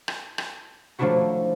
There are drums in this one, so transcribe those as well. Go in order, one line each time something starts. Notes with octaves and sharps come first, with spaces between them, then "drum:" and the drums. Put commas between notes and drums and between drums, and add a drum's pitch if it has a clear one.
drum: rim click
drum: rim click
F3 F#3 A3 D4 E4 F#4